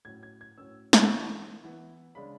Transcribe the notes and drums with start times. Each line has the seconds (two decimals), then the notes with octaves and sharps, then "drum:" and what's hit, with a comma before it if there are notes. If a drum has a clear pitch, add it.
0.05 A2 F#3 C#4 G#6
0.23 G#6
0.41 G#6
0.58 A2 F#3 C#4 E6
0.93 drum: snare
1.06 B5
1.10 E3 B3 E4 C#6
1.63 E3 B3 E4
2.15 C#3 G#3 D4 B5